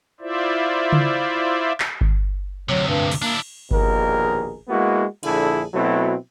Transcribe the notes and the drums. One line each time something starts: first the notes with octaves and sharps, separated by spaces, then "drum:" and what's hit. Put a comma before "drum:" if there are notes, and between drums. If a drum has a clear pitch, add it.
E4 F4 C5 D5 E5
drum: tom C#3
drum: clap
drum: kick G1
D2 C3 F#3
G2
drum: cymbal
A#3 D4 E4
A#1 D#2 B2 G#4 A#4, drum: kick G1
G#3 A#3 B3 E4 F#4
A#1 D3 E4 G#4 A4, drum: cymbal
B2 F#3 A3 C4 E4